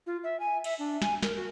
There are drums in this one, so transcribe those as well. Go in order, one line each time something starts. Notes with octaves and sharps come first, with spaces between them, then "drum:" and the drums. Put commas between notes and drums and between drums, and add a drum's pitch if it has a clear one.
F4
E5
G#5
E5, drum: cymbal
D4
G#5, drum: snare
A#4, drum: snare
F#4